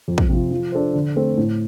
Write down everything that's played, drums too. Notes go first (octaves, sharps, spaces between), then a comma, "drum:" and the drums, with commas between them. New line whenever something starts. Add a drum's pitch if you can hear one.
F2
drum: kick
C3 F3
F3
D4 A4 C5
D3
A3 C4 A4 C5
A2